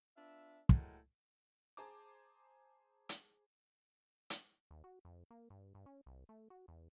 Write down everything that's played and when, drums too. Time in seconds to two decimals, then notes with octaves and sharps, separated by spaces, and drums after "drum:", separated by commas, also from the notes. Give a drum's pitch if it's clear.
0.16 B3 D4 F4 E5
0.69 A2 F#3 G#3 A4 A#4 G5, drum: kick
1.77 G#4 C5 A5 A#5 D6
3.09 drum: hi-hat
4.30 drum: hi-hat
4.71 D#2
4.84 F#4
5.05 F2
5.31 A#3
5.50 G2
5.75 G2
5.86 C#4
6.06 C2
6.29 A3
6.50 F#4
6.68 E2